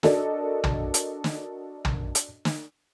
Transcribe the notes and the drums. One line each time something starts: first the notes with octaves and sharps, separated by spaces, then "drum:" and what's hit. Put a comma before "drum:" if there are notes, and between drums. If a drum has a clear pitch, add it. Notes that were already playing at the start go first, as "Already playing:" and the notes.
D4 F#4 A4 A#4 D5 D#5, drum: snare
drum: tom
drum: hi-hat
drum: snare
drum: tom
drum: hi-hat
drum: snare